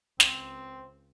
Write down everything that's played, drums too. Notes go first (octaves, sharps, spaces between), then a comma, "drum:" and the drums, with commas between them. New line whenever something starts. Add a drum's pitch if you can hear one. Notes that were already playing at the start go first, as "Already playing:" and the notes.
C#2 C4, drum: snare